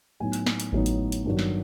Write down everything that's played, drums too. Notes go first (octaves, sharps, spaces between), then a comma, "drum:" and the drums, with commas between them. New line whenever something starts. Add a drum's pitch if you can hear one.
A2 F#3 B3 D#4 G#5
drum: hi-hat
drum: snare
drum: hi-hat
A2 F#3 B3 D#4, drum: kick G#1
drum: hi-hat
drum: hi-hat
G2 D#3 F#3
drum: snare